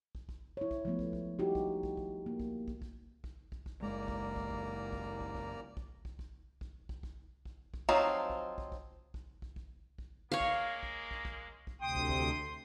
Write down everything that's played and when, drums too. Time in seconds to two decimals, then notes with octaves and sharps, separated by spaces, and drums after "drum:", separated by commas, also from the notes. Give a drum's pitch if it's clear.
0.15 drum: kick
0.29 drum: kick
0.57 E4 C#5
0.71 drum: kick
0.85 F3 G#3 A3 B3
0.99 drum: kick
1.13 drum: kick
1.39 D#4 E4 F#4 G4
1.55 drum: kick
1.83 drum: kick
1.97 drum: kick
2.26 A#3
2.40 drum: kick
2.68 drum: kick
2.82 drum: kick
3.24 drum: kick
3.52 drum: kick
3.66 drum: kick
3.82 F#1 G#3 A#3 D5 A#5
4.08 drum: kick
4.36 drum: kick
4.50 drum: kick
4.93 drum: kick
5.21 drum: kick
5.35 drum: kick
5.77 drum: kick
6.05 drum: kick
6.19 drum: kick
6.61 drum: kick
6.89 drum: kick
7.03 drum: kick
7.45 drum: kick
7.74 drum: kick
7.89 F3 F#3 C4 D#4 F4, drum: kick
8.30 drum: kick
8.58 drum: kick
8.72 drum: kick
9.14 drum: kick
9.42 drum: kick
9.56 drum: kick
9.98 drum: kick
10.32 G#3 A#3 C#5 F5
10.41 drum: kick
10.83 drum: kick
11.11 drum: kick
11.25 drum: kick
11.67 drum: kick
11.81 D2 C3 G5 C6 D#6
11.95 drum: kick
12.09 drum: kick